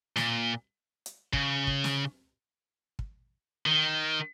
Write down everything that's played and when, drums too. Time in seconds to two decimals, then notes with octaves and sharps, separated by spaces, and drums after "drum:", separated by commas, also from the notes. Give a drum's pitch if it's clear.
0.16 A#2, drum: snare
1.06 drum: hi-hat
1.33 C#3, drum: kick
1.67 drum: kick
1.84 drum: snare
2.99 drum: kick
3.66 D#3